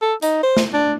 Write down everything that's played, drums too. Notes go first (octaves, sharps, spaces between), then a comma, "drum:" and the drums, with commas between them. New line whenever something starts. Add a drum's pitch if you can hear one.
A4
D#4, drum: hi-hat
C5
drum: snare
D4